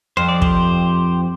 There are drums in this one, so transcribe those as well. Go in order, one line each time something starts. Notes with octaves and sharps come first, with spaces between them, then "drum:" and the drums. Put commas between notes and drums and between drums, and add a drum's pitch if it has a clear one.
F2 C5
D5
G4 C5, drum: kick